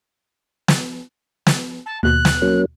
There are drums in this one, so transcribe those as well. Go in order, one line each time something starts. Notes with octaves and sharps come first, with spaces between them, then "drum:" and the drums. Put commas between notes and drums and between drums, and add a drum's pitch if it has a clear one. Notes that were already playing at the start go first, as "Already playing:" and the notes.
drum: snare
drum: snare
A5
D#2 B2 F#6
drum: snare
F#3 A#3 C#4